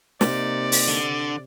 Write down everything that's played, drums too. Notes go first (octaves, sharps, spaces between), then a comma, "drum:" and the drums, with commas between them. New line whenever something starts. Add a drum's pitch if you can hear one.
C3 A#3 D#4 D5, drum: snare
drum: open hi-hat
D3